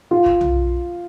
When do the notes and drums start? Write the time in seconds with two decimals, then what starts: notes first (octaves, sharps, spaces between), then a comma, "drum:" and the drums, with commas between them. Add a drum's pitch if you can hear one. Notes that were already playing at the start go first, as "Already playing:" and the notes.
0.11 F4
0.26 drum: kick
0.41 drum: tom B1